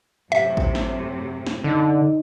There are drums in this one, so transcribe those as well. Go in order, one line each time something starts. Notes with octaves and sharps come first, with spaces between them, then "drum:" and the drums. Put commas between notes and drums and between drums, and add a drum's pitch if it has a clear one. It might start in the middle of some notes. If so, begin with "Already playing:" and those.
F#2 A2 C3 E5
drum: kick A1
drum: snare
drum: snare
D3 D#4